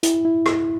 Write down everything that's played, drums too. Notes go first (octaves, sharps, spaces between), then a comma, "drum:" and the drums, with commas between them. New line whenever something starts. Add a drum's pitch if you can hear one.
E4, drum: hi-hat
E4
drum: rim click